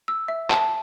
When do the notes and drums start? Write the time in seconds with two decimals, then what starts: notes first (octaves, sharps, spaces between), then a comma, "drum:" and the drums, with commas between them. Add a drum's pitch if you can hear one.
0.08 E6
0.28 E5
0.50 A5, drum: clap